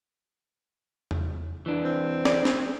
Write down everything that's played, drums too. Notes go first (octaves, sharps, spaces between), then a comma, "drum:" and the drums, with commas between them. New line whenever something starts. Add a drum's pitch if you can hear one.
drum: tom E2
E3 D4
C4
D5, drum: snare
drum: snare